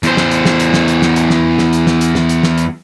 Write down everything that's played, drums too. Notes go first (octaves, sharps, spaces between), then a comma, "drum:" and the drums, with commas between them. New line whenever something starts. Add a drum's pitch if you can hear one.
E2 C5, drum: hi-hat
drum: snare
drum: hi-hat
drum: snare
drum: hi-hat
drum: snare
drum: hi-hat
drum: snare
drum: hi-hat
drum: snare
drum: snare
drum: hi-hat
drum: snare
drum: hi-hat
drum: snare
drum: hi-hat
drum: snare
drum: hi-hat